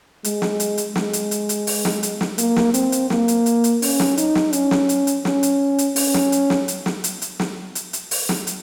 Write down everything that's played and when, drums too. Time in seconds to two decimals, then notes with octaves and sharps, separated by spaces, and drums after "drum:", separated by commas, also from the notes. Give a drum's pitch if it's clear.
0.24 G#3, drum: hi-hat
0.42 drum: snare
0.60 drum: hi-hat
0.78 drum: hi-hat
0.96 G#3, drum: snare
1.13 drum: hi-hat
1.31 drum: hi-hat
1.49 drum: hi-hat
1.67 drum: open hi-hat
1.85 drum: snare
2.03 drum: hi-hat
2.21 drum: snare
2.38 A#3, drum: hi-hat
2.56 drum: snare
2.74 C4, drum: hi-hat
2.92 drum: hi-hat
3.10 A#3, drum: snare
3.28 drum: hi-hat
3.46 drum: hi-hat
3.64 drum: hi-hat
3.82 C#4, drum: open hi-hat
4.00 drum: snare
4.17 D#4, drum: hi-hat
4.35 drum: snare
4.53 C#4, drum: hi-hat
4.71 drum: snare
4.89 drum: hi-hat
5.07 drum: hi-hat
5.25 C#4, drum: snare
5.43 drum: hi-hat
5.78 drum: hi-hat
5.96 C#4, drum: open hi-hat
6.14 drum: snare
6.32 drum: hi-hat
6.50 drum: snare
6.68 drum: hi-hat
6.86 drum: snare
7.04 drum: hi-hat
7.22 drum: hi-hat
7.39 drum: snare
7.75 drum: hi-hat
7.93 drum: hi-hat
8.11 drum: open hi-hat
8.29 drum: snare
8.47 drum: hi-hat